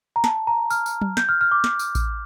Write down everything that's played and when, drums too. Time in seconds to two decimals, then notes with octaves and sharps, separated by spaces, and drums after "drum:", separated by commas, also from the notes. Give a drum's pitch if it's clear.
0.16 A#5
0.24 A5, drum: snare
0.47 A#5
0.70 F6, drum: tambourine
0.86 drum: tambourine
1.01 drum: tom F#3
1.17 G6, drum: snare
1.29 F6
1.41 F6
1.52 D6
1.64 drum: snare
1.79 drum: tambourine
1.95 drum: kick A1, tambourine